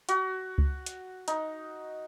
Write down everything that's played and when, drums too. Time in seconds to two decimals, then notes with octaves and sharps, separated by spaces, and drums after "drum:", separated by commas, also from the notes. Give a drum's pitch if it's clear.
0.09 F#4, drum: hi-hat
0.58 drum: kick C#2
0.86 drum: hi-hat
1.28 D#4, drum: hi-hat